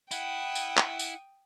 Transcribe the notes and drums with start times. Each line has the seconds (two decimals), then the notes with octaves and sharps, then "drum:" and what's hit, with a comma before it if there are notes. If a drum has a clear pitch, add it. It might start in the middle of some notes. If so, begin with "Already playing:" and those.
0.11 E4 F#5 G5 D#6, drum: tambourine
0.55 drum: tambourine
0.77 drum: clap
0.99 drum: tambourine